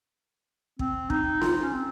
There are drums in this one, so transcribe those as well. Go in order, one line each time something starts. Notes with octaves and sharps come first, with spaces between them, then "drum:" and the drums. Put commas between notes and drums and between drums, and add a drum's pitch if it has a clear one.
C4, drum: kick
D#4, drum: kick
F4, drum: snare C4
C#4
C4